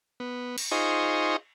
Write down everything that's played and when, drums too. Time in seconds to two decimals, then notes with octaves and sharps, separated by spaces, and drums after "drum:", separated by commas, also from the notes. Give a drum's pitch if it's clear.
0.20 B3
0.58 drum: cymbal
0.71 D#4 F4 G#4 C5 D#5 C#6